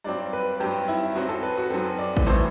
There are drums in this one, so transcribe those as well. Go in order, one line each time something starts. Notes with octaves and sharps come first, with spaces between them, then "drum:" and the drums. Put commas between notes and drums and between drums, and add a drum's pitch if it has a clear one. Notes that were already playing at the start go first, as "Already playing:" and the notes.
G2 F#3 C4 D5
B4
G2 F#3 C4 G4
E4
F#2 F#3 C4 F#4
A4
B4
F#4
F#2 F#3 C4 A4
D5
drum: kick A1
A2 E3 A3 C5